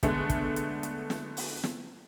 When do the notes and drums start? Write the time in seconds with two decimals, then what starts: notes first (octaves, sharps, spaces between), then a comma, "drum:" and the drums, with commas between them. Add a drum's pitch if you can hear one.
0.03 D3 G#3 A3 B3 D4, drum: kick, hi-hat
0.30 drum: kick, hi-hat
0.56 drum: hi-hat
0.83 drum: hi-hat
1.10 drum: snare
1.37 drum: open hi-hat
1.64 drum: snare